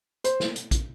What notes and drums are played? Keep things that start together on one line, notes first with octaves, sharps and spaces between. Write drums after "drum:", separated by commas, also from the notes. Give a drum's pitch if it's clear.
C5, drum: hi-hat
drum: snare
drum: hi-hat
drum: kick, hi-hat